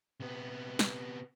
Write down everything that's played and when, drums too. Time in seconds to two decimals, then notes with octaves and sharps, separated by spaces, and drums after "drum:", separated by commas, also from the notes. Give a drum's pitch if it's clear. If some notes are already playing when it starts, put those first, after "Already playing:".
0.20 C3 B3
0.79 drum: snare